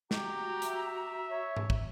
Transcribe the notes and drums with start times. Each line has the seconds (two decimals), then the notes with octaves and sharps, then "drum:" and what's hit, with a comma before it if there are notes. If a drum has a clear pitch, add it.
0.11 F#4 G4 A#5, drum: snare
0.62 E5, drum: hi-hat
1.31 C#5
1.57 drum: tom G#2
1.70 drum: kick